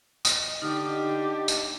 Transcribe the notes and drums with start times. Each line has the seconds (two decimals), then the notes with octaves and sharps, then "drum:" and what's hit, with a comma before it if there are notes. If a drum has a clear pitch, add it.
0.25 D#5, drum: tambourine
0.62 D3 D#4 G4 F6
1.48 drum: tambourine